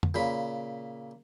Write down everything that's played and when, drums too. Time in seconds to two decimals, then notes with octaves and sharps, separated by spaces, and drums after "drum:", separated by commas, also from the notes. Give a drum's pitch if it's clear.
0.03 drum: tom F2
0.14 A#2 C#3 B5